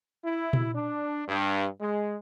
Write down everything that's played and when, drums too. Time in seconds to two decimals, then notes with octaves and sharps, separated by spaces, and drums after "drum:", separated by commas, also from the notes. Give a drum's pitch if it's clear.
0.25 E4
0.53 drum: tom A#2
0.73 D4
1.28 G2
1.81 G#3